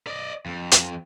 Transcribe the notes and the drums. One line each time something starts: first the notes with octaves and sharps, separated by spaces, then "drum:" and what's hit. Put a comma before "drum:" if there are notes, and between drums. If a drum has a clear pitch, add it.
D5 D#5
F2
drum: hi-hat